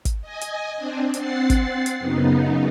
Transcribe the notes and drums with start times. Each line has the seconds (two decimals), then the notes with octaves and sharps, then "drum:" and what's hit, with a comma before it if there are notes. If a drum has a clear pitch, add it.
0.05 drum: kick, hi-hat
0.22 D#5 G#5
0.41 drum: hi-hat
0.76 C4 D4
1.14 C4 F#5 A6 C7, drum: hi-hat
1.50 drum: kick, hi-hat
1.86 drum: hi-hat
1.99 F#2 C#3 B3 D#4